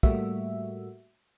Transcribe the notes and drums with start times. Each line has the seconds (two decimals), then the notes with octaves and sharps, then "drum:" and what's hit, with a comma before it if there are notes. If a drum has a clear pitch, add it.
0.03 A2 G3 A3 A#3 F#4 E5, drum: kick